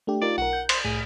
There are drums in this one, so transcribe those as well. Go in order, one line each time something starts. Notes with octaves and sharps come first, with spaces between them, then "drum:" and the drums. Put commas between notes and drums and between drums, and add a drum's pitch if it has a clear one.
A3 D4 G4
D#4 F4 A#4 D5
B1 A#4 F#5
G6
C5, drum: cymbal
C2 A2 G#4